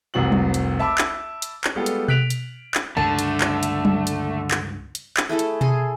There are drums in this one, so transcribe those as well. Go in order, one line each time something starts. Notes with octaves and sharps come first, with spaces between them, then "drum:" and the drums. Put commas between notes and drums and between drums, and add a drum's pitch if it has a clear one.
F1 C2 C4 F#4 F#7
drum: tom F#3
drum: hi-hat
E5 A5 B5 D6 E6
drum: clap
drum: hi-hat
drum: clap
G3 G#3 B3 F4 G4 A4
drum: hi-hat
F#6 B6 D7 F7 F#7, drum: tom B2
drum: hi-hat
drum: clap
C#2 G2 D3 G3 A3 A5
drum: hi-hat
drum: clap
drum: hi-hat
drum: tom F#3
drum: hi-hat
drum: clap
drum: hi-hat
drum: clap
A3 E4 G#4 A4
drum: hi-hat
G#4 A4 C6, drum: tom B2